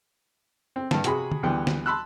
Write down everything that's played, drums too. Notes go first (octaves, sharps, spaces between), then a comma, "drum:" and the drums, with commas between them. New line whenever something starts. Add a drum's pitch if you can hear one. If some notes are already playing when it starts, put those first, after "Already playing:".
C4
G2 A5, drum: snare
C3 F#4 G#4 B5, drum: hi-hat
drum: tom
D2 E3 G3 B3 G5
drum: snare
A5 B5 C6 E6 F#6